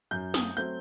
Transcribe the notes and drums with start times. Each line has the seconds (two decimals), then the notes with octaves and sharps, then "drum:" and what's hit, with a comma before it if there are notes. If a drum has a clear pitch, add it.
0.11 F#2 G6
0.34 D#6, drum: snare
0.57 F#3 A3 C4 G6